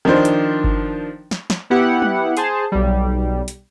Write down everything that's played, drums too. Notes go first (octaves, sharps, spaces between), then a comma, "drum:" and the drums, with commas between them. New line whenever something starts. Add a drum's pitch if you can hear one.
D#3 F3 D4 C5
drum: hi-hat
drum: kick G1
drum: snare
drum: snare
B3 E4 G4 F#5
drum: tom F#3
G#4 C5 A5, drum: hi-hat
B1 G3
drum: hi-hat